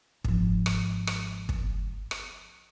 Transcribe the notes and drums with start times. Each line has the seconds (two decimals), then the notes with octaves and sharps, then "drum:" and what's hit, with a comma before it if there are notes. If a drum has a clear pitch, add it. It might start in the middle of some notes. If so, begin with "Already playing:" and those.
0.24 G#1 F3, drum: kick
0.66 drum: rim click
1.07 drum: rim click
1.49 drum: kick
2.11 drum: rim click